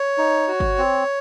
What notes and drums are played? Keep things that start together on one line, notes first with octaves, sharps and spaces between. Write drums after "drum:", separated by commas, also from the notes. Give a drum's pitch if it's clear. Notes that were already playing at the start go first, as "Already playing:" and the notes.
Already playing: C#5
D#4
F#4
drum: kick G1
C4